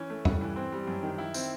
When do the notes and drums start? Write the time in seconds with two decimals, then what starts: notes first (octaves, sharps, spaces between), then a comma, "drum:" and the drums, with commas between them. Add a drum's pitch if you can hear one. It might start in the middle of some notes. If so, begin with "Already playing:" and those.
Already playing: E3 C#4
0.10 A3
0.25 G2, drum: tom E2
0.41 E3
0.56 C4
0.72 G3
0.87 F#2
1.03 D#3
1.18 E4
1.34 C4, drum: tambourine